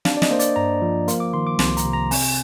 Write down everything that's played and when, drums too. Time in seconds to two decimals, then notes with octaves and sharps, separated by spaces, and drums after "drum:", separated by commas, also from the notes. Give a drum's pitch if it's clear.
0.05 D4 F5, drum: snare
0.17 D5
0.22 D#5, drum: snare
0.30 A#3 C5
0.39 D5, drum: hi-hat
0.56 G2 A#5
0.82 F3
1.08 A#3 C6, drum: hi-hat
1.20 D6
1.34 D#3 C6
1.47 D6
1.59 C2 C6, drum: snare
1.77 A#5, drum: hi-hat
1.85 C3
1.93 A#5
2.11 C4 G#5, drum: open hi-hat